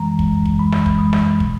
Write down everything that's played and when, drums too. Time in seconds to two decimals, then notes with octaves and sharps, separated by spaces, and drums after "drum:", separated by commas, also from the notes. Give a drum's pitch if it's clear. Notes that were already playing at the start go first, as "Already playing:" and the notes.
Already playing: F#2 E3 G#3 A#5
0.19 F#2 E3 G#3, drum: kick
0.46 drum: kick
0.59 F#2 E3 G#3 B5
0.72 drum: snare
0.86 drum: kick
0.99 F#2 E3 G#3 D#6
1.13 drum: snare
1.40 B2 F#3, drum: kick